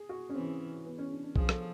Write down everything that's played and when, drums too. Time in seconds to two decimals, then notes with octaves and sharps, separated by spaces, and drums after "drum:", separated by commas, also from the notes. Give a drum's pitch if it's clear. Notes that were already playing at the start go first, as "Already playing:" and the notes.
Already playing: G#4
0.09 F#4
0.29 C#4
0.35 E3 C4
0.86 B3
0.98 C#4
1.11 D4
1.23 D4
1.36 F3 G#4, drum: kick B1
1.49 A4, drum: rim click